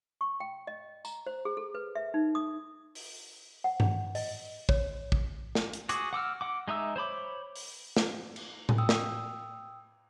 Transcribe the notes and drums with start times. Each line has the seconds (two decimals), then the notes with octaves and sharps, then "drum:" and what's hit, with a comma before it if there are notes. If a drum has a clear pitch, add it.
0.21 C#6
0.40 G5
0.67 D#5
1.05 A#5, drum: tambourine
1.27 C5
1.45 G#4
1.57 A4
1.75 B4
1.95 E5
2.14 D#4
2.35 D#6
2.95 drum: open hi-hat
3.64 F#5
3.80 drum: tom G2
4.15 D#5, drum: open hi-hat
4.69 C#5, drum: kick
5.12 drum: kick
5.55 drum: snare
5.73 drum: hi-hat
5.89 F#4 G#4 D6, drum: hi-hat
6.13 F#5 D6 E6 F6
6.41 F#5 D6
6.68 G#3 D#4 E5 E6
6.96 C5 C#5 B5 D6
7.56 drum: open hi-hat
7.97 drum: snare
8.36 drum: cymbal
8.69 drum: tom A2
8.78 G5 D#6 E6
8.89 drum: snare